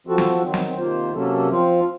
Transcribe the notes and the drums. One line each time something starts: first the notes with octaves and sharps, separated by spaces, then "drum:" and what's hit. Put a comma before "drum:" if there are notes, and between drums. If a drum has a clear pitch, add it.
F3 C4 F#4 A4
drum: snare
D#3 F#3 C4
drum: snare
C3 D#3 A#3 F4 C5
C3 F#3 A#3 C#4 A4
F3 C4 F4